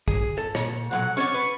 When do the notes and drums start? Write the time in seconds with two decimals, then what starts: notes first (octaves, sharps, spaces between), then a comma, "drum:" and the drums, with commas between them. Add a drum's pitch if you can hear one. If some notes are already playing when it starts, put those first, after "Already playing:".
0.08 G#4, drum: kick
0.38 A4
0.55 A#2 C#5, drum: rim click
0.91 B1 F3 F#3 F#5
1.17 C#4 C#5 D5 C#6
1.34 B4